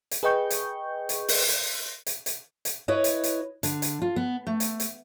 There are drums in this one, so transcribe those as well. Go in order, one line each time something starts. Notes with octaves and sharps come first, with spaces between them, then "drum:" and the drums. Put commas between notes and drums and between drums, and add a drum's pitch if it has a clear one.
drum: hi-hat
G#4 B4 D#5 G5 C#6 G6
drum: hi-hat
drum: hi-hat
drum: open hi-hat
drum: hi-hat
drum: hi-hat
drum: hi-hat
drum: hi-hat
E4 B4 C#5 D#5
drum: hi-hat
drum: hi-hat
D3, drum: hi-hat
drum: hi-hat
F4
B3
A3
drum: hi-hat
drum: hi-hat